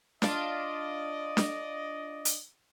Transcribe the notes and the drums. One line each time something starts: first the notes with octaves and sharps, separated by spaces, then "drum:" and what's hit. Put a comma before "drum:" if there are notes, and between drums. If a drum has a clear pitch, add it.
D4 F4 D5 D#5, drum: snare D4
drum: snare D4
drum: hi-hat